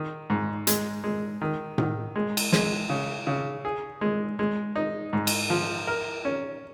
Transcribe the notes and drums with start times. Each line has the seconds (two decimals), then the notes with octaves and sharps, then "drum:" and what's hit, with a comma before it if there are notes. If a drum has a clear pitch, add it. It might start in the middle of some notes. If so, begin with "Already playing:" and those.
Already playing: D#3
0.30 G#2
0.67 G#3, drum: hi-hat
1.04 G#3
1.41 D#3
1.78 D#3, drum: tom A2
2.16 G#3
2.37 drum: cymbal
2.52 G#3, drum: snare
2.90 C#3
3.27 C#3
3.65 G#4
4.01 G#3
4.39 G#3
4.76 D#4
5.13 G#2
5.27 drum: cymbal
5.50 F3
5.87 A#4
6.25 C#4